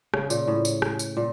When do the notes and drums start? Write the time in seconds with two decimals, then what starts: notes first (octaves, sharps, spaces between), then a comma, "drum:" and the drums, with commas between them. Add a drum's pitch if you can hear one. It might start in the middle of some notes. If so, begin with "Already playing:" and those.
0.14 C#3, drum: rim click
0.30 A#2, drum: tambourine
0.47 A2
0.65 drum: tambourine
0.82 drum: rim click
0.99 drum: tambourine
1.17 A#2